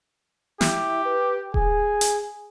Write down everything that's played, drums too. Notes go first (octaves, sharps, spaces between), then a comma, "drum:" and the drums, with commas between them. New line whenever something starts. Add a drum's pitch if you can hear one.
E4 G4, drum: snare
B4
G#4 G#5, drum: kick D#1
drum: hi-hat